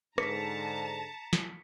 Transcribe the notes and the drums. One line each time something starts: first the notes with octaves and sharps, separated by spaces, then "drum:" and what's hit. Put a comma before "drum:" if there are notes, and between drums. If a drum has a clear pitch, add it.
G#2 D3 A5 A#5 B6 C#7, drum: rim click
drum: snare